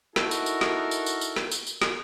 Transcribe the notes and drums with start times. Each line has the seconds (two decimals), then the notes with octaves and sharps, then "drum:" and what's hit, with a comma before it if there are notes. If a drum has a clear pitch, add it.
0.16 D#4 E4 F#4 A4 A#4, drum: snare
0.31 drum: tambourine
0.46 drum: tambourine
0.61 drum: snare
0.91 drum: tambourine
1.06 drum: tambourine
1.21 drum: tambourine
1.36 drum: snare
1.51 drum: tambourine
1.66 drum: tambourine
1.82 drum: snare